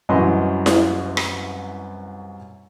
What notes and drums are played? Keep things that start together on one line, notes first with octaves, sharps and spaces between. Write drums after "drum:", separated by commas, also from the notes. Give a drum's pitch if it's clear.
C2 F#2 E3 D#5 B5 C6
drum: snare E4
drum: rim click